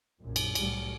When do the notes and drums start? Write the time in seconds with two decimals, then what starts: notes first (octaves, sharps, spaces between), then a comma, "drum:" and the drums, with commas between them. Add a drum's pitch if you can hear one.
0.19 A#1 F#2 A#2
0.36 drum: cymbal
0.55 C2 A2 F#3 G3, drum: cymbal